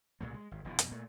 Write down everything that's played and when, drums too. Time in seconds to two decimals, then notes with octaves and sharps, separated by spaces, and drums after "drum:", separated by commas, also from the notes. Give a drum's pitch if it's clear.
0.21 C2 A#2 C#3 A3
0.34 G#3
0.51 G#1
0.64 F1 B2 D3 E3
0.79 F2 B2, drum: hi-hat
0.91 A#2 A3